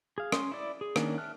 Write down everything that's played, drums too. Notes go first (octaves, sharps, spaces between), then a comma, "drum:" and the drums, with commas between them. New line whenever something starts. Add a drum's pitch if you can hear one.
G#4 F5
C#4 C6 D#6, drum: rim click
E4 D5
G#4
D#3 A#3 C#4 D4, drum: rim click
E5 A5 F6 F#6